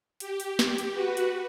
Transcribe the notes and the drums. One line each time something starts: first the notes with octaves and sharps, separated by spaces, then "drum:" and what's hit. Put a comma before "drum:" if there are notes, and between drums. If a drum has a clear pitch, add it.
G4, drum: hi-hat
drum: hi-hat
drum: snare
drum: hi-hat
F#4 B4
drum: hi-hat